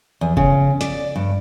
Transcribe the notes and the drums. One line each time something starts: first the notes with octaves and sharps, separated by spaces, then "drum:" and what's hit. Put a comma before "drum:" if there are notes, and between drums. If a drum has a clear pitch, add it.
E2
C#3, drum: kick
D5, drum: hi-hat
G2